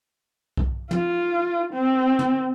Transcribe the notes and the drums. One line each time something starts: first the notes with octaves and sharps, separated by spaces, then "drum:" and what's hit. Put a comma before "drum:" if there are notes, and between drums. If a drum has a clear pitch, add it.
drum: kick B1
F4, drum: tom
C4
drum: tom